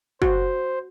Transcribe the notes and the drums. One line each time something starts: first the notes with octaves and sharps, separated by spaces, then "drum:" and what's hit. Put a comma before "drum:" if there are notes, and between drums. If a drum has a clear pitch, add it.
F#4 C5, drum: kick